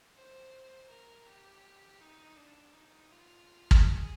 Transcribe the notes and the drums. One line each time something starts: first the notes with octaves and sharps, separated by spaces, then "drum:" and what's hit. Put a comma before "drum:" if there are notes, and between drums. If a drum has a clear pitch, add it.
C5
A#4
G4
D#4
D4
D#4
F4
drum: kick
G#4